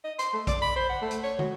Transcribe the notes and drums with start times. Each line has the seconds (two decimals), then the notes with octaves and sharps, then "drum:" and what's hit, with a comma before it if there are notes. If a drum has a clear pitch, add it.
0.04 D#5
0.19 C6, drum: hi-hat
0.33 A3
0.47 D5, drum: kick A#1, hi-hat
0.62 B5
0.76 C5
0.89 F#5
1.01 A3
1.11 drum: hi-hat
1.23 C#5
1.39 F#4, drum: tom